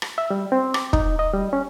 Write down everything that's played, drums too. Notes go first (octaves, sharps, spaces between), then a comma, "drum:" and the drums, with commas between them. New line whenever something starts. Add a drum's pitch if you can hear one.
drum: rim click
E5
G3
C4
D6, drum: rim click
D#4, drum: kick
D#5
G3
C#4